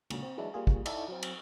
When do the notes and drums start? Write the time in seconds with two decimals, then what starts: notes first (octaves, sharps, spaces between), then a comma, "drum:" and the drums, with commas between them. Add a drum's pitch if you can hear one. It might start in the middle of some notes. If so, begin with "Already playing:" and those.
0.10 C#2 A#2 D3 F#3, drum: cymbal
0.23 C4
0.37 E3 F#3 G#3 D4 E4
0.54 G3 A#3 F4 G#4
0.67 drum: kick
0.86 D#4 E4 A4 D5 E5, drum: cymbal
1.08 F#3 C4
1.23 drum: cymbal